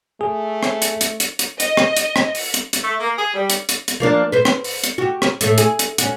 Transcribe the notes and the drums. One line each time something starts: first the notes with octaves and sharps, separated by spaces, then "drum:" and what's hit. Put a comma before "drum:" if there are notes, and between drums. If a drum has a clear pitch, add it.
A3 G#4
drum: rim click
drum: hi-hat
drum: hi-hat
drum: hi-hat
drum: hi-hat
D#5, drum: hi-hat
drum: rim click
drum: hi-hat
drum: rim click
drum: open hi-hat
drum: hi-hat
drum: hi-hat
A3
A#3
G#4
G3
drum: hi-hat
drum: hi-hat
drum: hi-hat
F3 A#3 D4
B4 C5
drum: rim click
drum: open hi-hat
drum: hi-hat
F#4 G4
drum: rim click
A2 A3, drum: hi-hat
G#4, drum: hi-hat
drum: hi-hat
C#4 F#4, drum: hi-hat